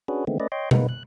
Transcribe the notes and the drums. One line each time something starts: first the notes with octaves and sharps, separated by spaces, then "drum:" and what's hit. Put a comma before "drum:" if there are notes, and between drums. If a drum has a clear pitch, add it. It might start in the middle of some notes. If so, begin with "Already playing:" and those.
C#4 D4 F#4 G#4 B4
D3 D#3 G#3 A3 B3 C4
A3 C#4 B4 D5 D#5
C#5 D#5 G5 C6
G#3 A#3 B3 D#4 B4, drum: tom B2
F#6